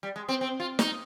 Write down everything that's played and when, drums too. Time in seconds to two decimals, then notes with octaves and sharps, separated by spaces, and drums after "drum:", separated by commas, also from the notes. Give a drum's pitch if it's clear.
0.03 G3
0.16 G#3
0.29 C4
0.41 C4
0.60 F4
0.79 D#4, drum: snare